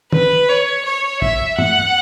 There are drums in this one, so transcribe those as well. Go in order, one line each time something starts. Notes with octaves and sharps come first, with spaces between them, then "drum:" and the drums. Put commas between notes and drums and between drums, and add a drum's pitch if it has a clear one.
B4, drum: tom
C#5
C#5
E5, drum: kick
F#5, drum: tom